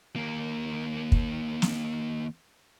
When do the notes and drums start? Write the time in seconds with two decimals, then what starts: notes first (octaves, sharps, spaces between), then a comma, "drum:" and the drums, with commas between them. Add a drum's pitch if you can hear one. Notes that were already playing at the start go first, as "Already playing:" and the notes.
0.16 D#2 A#3
1.12 drum: kick
1.62 drum: snare